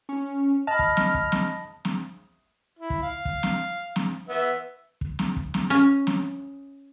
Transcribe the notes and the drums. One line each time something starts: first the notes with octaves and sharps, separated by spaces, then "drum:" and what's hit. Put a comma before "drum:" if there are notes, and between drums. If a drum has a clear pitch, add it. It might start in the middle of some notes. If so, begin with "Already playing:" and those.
C#4
D#5 A5 B5 F6
drum: kick
drum: snare
drum: kick
drum: snare
drum: snare
E4
drum: kick
F5
drum: kick
drum: snare
drum: snare
B3 E5
drum: kick
drum: snare
drum: kick
drum: snare
C#4
drum: snare